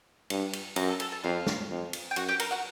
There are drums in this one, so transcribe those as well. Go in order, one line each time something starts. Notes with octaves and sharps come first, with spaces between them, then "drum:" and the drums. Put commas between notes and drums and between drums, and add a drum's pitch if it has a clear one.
G2, drum: cymbal
drum: cymbal
F#2 A#4 A#5, drum: cymbal
A4 A5
A4 A5, drum: cymbal
A4 A5
F2 F4 F5
drum: snare
F2
drum: cymbal
G5
F#2 F#4 F#5, drum: cymbal
G4 G5
A#4 A#5, drum: cymbal
F#4 F#5